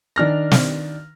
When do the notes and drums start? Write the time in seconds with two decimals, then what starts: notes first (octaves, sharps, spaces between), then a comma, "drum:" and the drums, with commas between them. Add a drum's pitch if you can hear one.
0.16 D#3 D4 F6 A#6
0.51 drum: snare